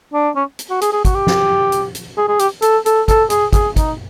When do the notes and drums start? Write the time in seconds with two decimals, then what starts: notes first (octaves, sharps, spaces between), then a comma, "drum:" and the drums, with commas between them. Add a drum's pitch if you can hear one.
0.14 D4
0.36 C#4
0.59 drum: hi-hat
0.70 F#4
0.81 G#4, drum: hi-hat
0.93 G#4
1.05 F#4, drum: kick, hi-hat
1.15 G4
1.27 drum: snare
1.72 drum: hi-hat
1.95 drum: hi-hat
2.18 G#4
2.28 G#4
2.39 G4, drum: hi-hat
2.62 A4, drum: hi-hat
2.86 A4, drum: hi-hat
3.08 A4, drum: kick, hi-hat
3.30 G#4, drum: hi-hat
3.53 G#4, drum: kick, hi-hat
3.76 D#4, drum: kick, hi-hat